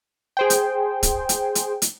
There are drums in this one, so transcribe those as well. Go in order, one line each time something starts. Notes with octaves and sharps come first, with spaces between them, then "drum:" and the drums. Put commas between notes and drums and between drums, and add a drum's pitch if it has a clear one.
G#4 C5 G5
drum: hi-hat
drum: kick, hi-hat
drum: hi-hat
drum: hi-hat
drum: hi-hat